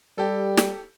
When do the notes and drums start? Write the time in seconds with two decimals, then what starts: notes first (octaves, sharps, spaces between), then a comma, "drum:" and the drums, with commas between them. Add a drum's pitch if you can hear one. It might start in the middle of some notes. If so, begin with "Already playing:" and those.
0.18 G3 G4 A4
0.57 drum: snare